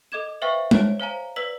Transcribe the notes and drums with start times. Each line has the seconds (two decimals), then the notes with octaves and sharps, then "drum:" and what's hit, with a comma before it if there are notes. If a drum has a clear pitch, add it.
0.12 A4 D#5 D6 G#6 E7
0.42 B4 C5 E5 F5 G5 C#6
0.71 C5 C#5 A5, drum: tom G#3
1.00 C5 F5 G#5 A#5
1.36 B4 D5 E6 B6 F#7